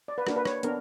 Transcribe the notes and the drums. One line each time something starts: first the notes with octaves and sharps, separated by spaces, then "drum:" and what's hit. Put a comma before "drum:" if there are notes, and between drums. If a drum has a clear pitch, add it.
D5
B4
A#3 D4 F#4 A#4, drum: rim click
B4
C#5, drum: rim click
B3 D4 A#4, drum: hi-hat